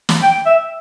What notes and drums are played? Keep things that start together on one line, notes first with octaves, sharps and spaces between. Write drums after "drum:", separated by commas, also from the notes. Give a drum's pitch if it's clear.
drum: snare
G5
E5